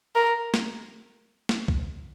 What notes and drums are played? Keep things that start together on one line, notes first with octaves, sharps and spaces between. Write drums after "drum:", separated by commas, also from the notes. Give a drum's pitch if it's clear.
A#4
drum: snare
drum: snare
drum: kick B1